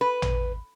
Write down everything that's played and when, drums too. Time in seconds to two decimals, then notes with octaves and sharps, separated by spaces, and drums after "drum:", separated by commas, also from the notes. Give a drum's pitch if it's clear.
0.01 B4
0.22 drum: tom A1